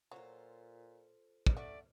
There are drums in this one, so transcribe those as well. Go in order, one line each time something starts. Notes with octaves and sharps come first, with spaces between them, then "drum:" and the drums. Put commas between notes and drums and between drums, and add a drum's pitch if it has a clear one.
A#2 F#3 F4 A4 C5
drum: kick
A3 F#4 D5